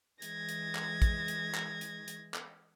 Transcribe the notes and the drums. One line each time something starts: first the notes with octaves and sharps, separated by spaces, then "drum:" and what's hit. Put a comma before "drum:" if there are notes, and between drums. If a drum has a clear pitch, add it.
E3 G#3 G#6 A#6, drum: hi-hat
drum: hi-hat
drum: clap
drum: kick, hi-hat
drum: hi-hat
drum: clap
drum: hi-hat
drum: hi-hat
drum: clap